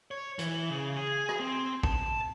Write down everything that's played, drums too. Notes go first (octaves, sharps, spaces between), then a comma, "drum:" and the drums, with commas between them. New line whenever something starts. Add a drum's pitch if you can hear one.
C#5
E3, drum: hi-hat
C#3
G#4
drum: rim click
C4
A5, drum: kick